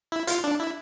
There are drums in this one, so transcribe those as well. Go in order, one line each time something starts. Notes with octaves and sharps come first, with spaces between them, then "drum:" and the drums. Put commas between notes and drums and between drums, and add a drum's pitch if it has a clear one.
E4
F4, drum: hi-hat
D4
E4